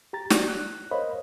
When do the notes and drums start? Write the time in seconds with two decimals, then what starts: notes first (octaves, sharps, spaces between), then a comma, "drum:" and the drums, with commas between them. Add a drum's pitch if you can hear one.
0.13 G4 A#5 A6
0.30 D4 F#4 D5, drum: snare
0.49 F#6
0.91 A#4 C5 C#5 D#5 F5 B5